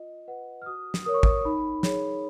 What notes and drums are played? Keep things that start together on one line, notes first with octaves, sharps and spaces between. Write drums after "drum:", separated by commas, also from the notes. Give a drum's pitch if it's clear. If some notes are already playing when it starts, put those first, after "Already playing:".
Already playing: F4 D#5
B4 F#5
F6
F#4 D#6
drum: snare
A#4 C#5 D#6
C#6
D#6, drum: kick
D#4 B5
G#4 C#5, drum: snare